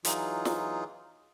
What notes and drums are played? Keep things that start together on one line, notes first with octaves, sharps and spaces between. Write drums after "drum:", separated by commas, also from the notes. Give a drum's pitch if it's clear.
E3 F#3 D#4 F4 G#4, drum: hi-hat
drum: snare